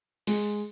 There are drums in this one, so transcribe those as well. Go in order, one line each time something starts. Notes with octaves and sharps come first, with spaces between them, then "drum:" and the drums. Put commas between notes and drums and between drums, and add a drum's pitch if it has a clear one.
G#3, drum: open hi-hat